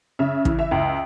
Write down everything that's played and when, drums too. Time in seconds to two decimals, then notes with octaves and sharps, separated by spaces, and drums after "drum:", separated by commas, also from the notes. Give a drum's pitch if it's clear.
0.19 C#3 E5
0.45 E3, drum: kick
0.59 E5
0.71 C#2